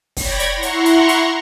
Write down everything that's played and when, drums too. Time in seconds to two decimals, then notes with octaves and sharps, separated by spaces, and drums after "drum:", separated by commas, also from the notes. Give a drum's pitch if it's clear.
0.17 C#5 D5 G5 B5 G#6 A#6, drum: kick, open hi-hat
0.40 drum: hi-hat
0.51 E4 F#5 A#5 C6 C#6
0.63 drum: hi-hat
0.86 drum: hi-hat
1.09 drum: hi-hat